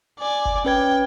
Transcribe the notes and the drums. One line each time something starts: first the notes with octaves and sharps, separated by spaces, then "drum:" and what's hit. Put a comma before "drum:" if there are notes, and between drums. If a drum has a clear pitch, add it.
D5 G#5
drum: kick F#1
C#4 B4 G5 G#6